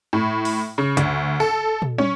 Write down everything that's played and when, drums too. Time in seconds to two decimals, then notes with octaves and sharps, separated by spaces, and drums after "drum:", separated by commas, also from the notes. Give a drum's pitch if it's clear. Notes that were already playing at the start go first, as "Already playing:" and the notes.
0.13 A2
0.45 drum: open hi-hat
0.78 C#3
0.97 D2, drum: hi-hat
1.40 A4
1.82 drum: tom
1.98 C#4, drum: tom